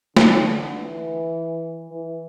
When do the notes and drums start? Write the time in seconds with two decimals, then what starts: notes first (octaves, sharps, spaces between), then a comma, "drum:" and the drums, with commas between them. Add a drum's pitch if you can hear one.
0.17 D3, drum: snare
0.74 E3
1.89 E3